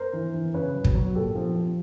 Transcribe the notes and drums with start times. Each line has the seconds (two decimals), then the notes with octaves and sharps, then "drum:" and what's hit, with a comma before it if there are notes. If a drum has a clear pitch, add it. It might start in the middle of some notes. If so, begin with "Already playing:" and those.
Already playing: A#4 C5
0.13 E3
0.34 E3
0.54 C#3 B4 C#5
0.75 F#3
0.84 drum: kick
0.95 F#3
1.15 A#2 G4 A4
1.36 F3
1.56 F3